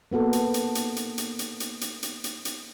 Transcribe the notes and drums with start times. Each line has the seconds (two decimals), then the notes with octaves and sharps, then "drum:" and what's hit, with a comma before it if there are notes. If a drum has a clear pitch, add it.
0.12 A#3 B3 F#4 A4
0.33 drum: hi-hat
0.54 drum: hi-hat
0.75 drum: hi-hat
0.96 drum: hi-hat
1.18 drum: hi-hat
1.39 drum: hi-hat
1.60 drum: hi-hat
1.81 drum: hi-hat
2.03 drum: hi-hat
2.24 drum: hi-hat
2.45 drum: hi-hat